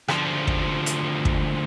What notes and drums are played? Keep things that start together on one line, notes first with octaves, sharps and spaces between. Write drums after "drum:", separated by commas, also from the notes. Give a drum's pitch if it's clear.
D2 F3, drum: rim click
drum: kick
drum: hi-hat
drum: kick